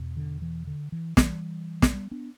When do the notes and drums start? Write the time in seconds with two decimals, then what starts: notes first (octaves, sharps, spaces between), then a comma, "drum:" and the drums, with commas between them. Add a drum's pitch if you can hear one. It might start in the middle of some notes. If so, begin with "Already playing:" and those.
Already playing: E2 B2
0.17 D3
0.42 E3
0.67 D3
0.92 E3
1.17 E3 G3, drum: snare
1.82 drum: snare
1.93 G3 B3
2.11 B3 D4